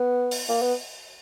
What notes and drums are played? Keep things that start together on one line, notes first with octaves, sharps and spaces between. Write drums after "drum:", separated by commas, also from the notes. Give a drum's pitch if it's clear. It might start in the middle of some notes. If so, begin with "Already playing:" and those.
Already playing: B3
drum: open hi-hat
A#3
B3